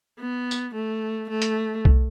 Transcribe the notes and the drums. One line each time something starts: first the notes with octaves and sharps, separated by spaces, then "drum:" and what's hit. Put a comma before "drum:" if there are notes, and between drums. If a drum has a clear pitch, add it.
B3
drum: tambourine
A3
A3
drum: hi-hat
drum: kick B1